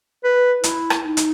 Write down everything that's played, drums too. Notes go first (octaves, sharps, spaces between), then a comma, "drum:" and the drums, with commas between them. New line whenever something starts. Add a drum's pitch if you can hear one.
B4
E4, drum: hi-hat
drum: rim click
D#4
drum: hi-hat